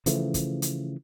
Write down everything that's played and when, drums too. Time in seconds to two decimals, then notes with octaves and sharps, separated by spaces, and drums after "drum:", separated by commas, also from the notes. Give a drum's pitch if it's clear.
0.06 C#3 E3 F3 A3, drum: hi-hat
0.34 drum: kick, hi-hat
0.62 drum: hi-hat